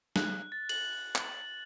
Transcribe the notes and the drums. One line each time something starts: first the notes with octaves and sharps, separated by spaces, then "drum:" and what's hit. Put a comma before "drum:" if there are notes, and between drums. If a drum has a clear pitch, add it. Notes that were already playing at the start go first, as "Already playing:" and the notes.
F#6, drum: snare
A6
F#7, drum: cymbal
drum: clap